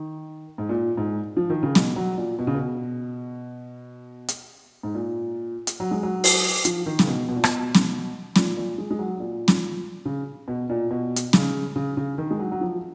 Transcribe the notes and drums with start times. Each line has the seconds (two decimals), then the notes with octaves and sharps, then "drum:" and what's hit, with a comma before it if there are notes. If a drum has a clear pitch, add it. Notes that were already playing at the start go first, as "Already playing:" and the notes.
Already playing: D#3
0.58 G#2
0.69 A#2
0.97 G#2
1.37 F3
1.50 D#3
1.63 C#3
1.75 B2, drum: snare
1.96 F#3
2.17 A#2
2.39 B2
2.47 C#3
2.55 B2
4.28 drum: hi-hat
4.83 G#2
4.94 A#2
5.67 drum: hi-hat
5.80 F#3
5.91 G#3
6.03 F#3
6.24 drum: open hi-hat
6.65 F3, drum: hi-hat
6.86 D#3
6.99 C#3, drum: snare
7.08 B2
7.29 B2
7.36 A#2
7.44 B2, drum: rim click
7.75 drum: snare
8.36 A#2, drum: snare
8.57 A#2
8.78 G#3
8.91 G#3
8.99 F#3
9.20 A#2
9.48 drum: snare
10.05 C#3
10.48 B2
10.69 A#2
10.91 B2
11.16 drum: hi-hat
11.33 C#3, drum: snare
11.76 C#3
11.97 C#3
12.18 D#3
12.31 G#3
12.39 F#3
12.52 F#3
12.61 F3